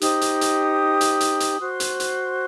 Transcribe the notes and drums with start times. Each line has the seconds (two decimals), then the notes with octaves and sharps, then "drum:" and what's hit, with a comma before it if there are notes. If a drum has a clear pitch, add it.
0.01 D#4 G4 C5 D#6, drum: hi-hat
0.21 drum: hi-hat
0.41 drum: hi-hat
1.01 drum: hi-hat
1.20 drum: hi-hat
1.40 drum: hi-hat
1.60 F#4 C5 C6
1.80 drum: hi-hat
2.00 drum: hi-hat